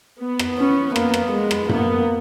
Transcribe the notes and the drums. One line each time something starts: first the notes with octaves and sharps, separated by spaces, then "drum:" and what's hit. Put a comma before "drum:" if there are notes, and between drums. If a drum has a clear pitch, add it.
B3
drum: rim click
C#4
A#3, drum: rim click
drum: rim click
G#3
drum: rim click
A#3 B3, drum: tom F#2